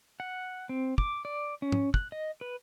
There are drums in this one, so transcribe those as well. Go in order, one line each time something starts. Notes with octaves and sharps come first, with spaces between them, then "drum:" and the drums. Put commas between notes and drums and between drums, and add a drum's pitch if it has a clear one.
F#5
C4
D6, drum: kick
D5
C#4
drum: tom
F#6, drum: kick
D#5
B4